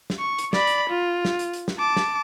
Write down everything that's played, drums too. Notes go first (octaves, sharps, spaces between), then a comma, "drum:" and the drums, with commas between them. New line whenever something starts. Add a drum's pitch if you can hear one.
drum: snare
C#6
drum: hi-hat
D5 B5, drum: snare
drum: hi-hat
F4
drum: snare
drum: hi-hat
drum: hi-hat
drum: snare
A5 D6
drum: snare